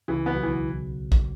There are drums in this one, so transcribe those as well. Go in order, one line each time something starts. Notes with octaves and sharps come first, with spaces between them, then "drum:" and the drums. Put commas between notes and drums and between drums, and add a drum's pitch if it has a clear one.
C#2 C#3 E3
B3
B1 B2
E3
drum: kick A#1